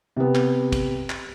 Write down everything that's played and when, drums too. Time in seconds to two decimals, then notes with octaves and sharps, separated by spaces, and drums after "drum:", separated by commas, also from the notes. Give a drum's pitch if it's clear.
0.16 C3 B3
0.35 drum: clap
0.72 drum: kick, cymbal
1.10 drum: clap